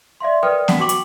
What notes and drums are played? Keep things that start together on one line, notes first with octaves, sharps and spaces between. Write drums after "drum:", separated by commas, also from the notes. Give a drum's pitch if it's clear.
D5 E5 F5 C6
A#4 B4 D5 G5 D#6 F6
F#5 B6, drum: snare B3
F#4 G5 C#6 D6 F#7
drum: hi-hat